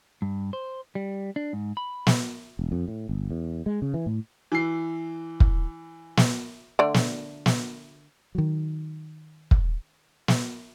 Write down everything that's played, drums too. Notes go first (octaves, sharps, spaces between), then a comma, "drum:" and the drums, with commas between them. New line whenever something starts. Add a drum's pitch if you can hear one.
G2
C5
G3
D4
G#2
B5
drum: snare
E1
F2
A2
G1
E2
G#3
C#3
E3
A2
E3 C7
drum: kick
drum: snare
D3 A3 D5
drum: snare
drum: snare
D#3 F#3
drum: kick
drum: snare